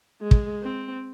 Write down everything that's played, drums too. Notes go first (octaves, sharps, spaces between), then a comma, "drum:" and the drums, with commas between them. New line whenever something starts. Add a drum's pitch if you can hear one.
G#3
drum: kick
C4